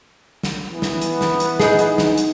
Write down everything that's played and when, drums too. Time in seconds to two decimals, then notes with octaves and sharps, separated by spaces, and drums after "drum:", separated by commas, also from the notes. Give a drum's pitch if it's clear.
0.43 drum: snare
0.71 E3 B3
0.82 drum: snare
1.01 drum: hi-hat
1.21 drum: snare
1.40 drum: hi-hat
1.60 D#4 G#4, drum: snare
1.79 drum: hi-hat
1.98 drum: snare
2.18 drum: hi-hat